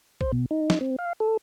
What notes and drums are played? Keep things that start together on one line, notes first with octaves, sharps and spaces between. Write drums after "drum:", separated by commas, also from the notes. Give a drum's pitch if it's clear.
C5, drum: kick A#1
B2
D#4
drum: snare
C4
F5
A4